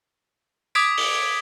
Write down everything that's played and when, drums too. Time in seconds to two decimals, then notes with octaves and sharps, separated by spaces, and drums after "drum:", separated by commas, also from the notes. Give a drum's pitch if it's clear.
0.75 D6 D#6 G#6 B6 D7, drum: tambourine
0.97 drum: open hi-hat